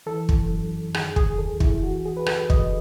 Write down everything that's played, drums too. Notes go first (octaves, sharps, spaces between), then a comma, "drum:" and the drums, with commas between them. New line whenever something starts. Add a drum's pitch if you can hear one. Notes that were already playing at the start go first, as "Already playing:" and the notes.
E3 A4
drum: kick
F#2
D#3 G#4, drum: rim click
G#4, drum: kick
D#2 A4
E4, drum: kick
E3 F#4
G#4
B4
F#2 A4, drum: rim click
D#5, drum: kick